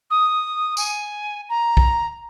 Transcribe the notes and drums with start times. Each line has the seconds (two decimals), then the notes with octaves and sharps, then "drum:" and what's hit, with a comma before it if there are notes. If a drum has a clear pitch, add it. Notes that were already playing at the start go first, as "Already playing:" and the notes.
0.10 D#6
0.77 G#5, drum: tambourine
1.49 A#5
1.77 drum: kick B1